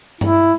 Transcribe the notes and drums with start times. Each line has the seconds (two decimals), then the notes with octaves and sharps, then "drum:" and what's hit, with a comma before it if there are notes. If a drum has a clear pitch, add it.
0.21 E4, drum: tom G2